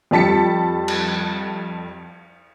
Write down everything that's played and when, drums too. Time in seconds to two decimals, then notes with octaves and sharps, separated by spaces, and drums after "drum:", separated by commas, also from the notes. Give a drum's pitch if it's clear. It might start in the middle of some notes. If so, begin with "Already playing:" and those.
0.11 F2 G3 A5 B6 C#7
0.88 drum: cymbal